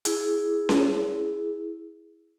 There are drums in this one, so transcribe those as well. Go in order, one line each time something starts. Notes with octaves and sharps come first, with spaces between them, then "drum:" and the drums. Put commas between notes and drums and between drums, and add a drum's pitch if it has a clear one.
E4 G#4, drum: hi-hat
drum: snare C#4